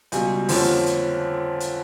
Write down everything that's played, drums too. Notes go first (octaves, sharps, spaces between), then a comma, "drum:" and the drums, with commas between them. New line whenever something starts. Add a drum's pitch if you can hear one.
C#2 B2 G3 G#5, drum: hi-hat
F2 D3 F3 A#3 C#4, drum: open hi-hat
drum: hi-hat
drum: hi-hat